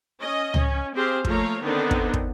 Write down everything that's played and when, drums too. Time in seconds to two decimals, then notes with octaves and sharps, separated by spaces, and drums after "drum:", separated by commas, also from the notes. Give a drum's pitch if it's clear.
0.18 C#4 D#5
0.54 C#4, drum: tom C#2
0.95 C4 G4 G#4 C5 F5
1.25 F3 A3 A#3 C#5 F5 A#5, drum: kick
1.62 D3 D#3 B3 C4 D4 D#4
1.91 drum: kick
2.14 drum: kick